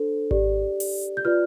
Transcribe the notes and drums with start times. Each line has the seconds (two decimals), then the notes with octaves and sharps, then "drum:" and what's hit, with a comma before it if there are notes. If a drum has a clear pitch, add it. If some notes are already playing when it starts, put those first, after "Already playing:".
Already playing: D4 A4 C5
0.31 G4 D5, drum: kick G#1
0.80 drum: open hi-hat
1.17 G6
1.25 F4 B4 D5 F6